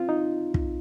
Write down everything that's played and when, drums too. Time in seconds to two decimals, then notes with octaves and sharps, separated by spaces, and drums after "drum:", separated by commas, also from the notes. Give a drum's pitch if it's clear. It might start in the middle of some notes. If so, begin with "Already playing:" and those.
Already playing: C4 F4
0.09 D#4
0.54 drum: kick